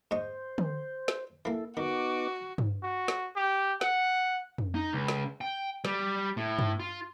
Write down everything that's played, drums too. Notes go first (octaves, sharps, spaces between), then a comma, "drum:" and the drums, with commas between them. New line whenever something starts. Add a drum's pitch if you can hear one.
G#2 C5 D#5 C#6
drum: tom D3
drum: snare
E3 A#3 E4 A4
D#3 B3 D#4 F#4 D6
drum: tom G2
F#4
drum: snare
G4
F#5, drum: snare
drum: tom F2
D#4
C#2
drum: snare
G5
G3, drum: snare
A2
drum: tom G2
F4